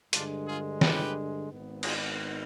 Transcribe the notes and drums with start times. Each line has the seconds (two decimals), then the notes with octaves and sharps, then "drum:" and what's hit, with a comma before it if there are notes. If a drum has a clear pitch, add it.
0.13 G2 D3 G#3 D4 F4, drum: hi-hat
0.47 F4 G#4
0.81 G4 B4, drum: snare
1.49 G#1 G#2 D#3 B3
1.83 F4 G#4, drum: cymbal